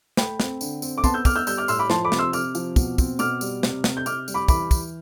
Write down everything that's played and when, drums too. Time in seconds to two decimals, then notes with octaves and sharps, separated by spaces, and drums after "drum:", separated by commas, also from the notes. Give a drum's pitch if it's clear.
0.17 A3 G5 B5, drum: snare
0.40 C4, drum: snare
0.61 D3, drum: tambourine
0.82 C4, drum: tambourine
0.98 D6
1.04 B3 A5 C6, drum: kick, tambourine
1.14 E6 G6
1.25 B3 D6 F6, drum: kick, tambourine
1.36 E6 G6
1.47 G3 E6 G6, drum: tambourine
1.58 D6 F6
1.68 A2 C6 E6, drum: tambourine
1.79 B5 D6
1.90 F3 A5 C6, drum: snare
2.05 B5 D6
2.12 C3, drum: snare
2.18 C6 E6
2.33 C3 D6 F6, drum: tambourine
2.55 F3, drum: tambourine
2.76 B2, drum: kick, tambourine
2.98 C4, drum: kick, tambourine
3.19 B2 D6 F6, drum: tambourine
3.41 G3, drum: tambourine
3.63 C3, drum: snare
3.84 C3, drum: snare
3.97 G6
4.06 C3 D6 F6, drum: tambourine
4.28 G3, drum: tambourine
4.34 B5 D6
4.48 E3 B5 D6, drum: kick, tambourine
4.71 E3, drum: kick, tambourine